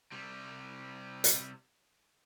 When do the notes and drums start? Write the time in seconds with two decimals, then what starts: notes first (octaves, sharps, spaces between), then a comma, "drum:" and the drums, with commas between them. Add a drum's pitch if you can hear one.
0.12 C3 G3
1.24 drum: hi-hat